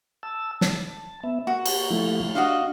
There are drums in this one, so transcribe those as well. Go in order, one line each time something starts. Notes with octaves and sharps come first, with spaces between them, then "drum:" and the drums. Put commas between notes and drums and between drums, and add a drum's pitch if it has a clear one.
A5 E6
A5, drum: snare
B3 E5
A#3 F#4
drum: cymbal
F3 A3 E4
D4 F#4 D#5 F5